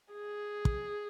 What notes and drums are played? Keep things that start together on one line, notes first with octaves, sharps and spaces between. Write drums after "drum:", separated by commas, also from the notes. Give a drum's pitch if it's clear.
G#4
drum: kick